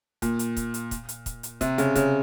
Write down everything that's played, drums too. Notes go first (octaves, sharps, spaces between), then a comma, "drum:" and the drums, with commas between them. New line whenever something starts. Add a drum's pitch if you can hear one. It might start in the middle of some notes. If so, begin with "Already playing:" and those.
A#2, drum: kick, hi-hat
drum: hi-hat
drum: kick, hi-hat
drum: hi-hat
drum: kick, hi-hat
drum: hi-hat
drum: kick, hi-hat
drum: hi-hat
C3, drum: kick, hi-hat
C#3, drum: hi-hat
C#3, drum: kick, hi-hat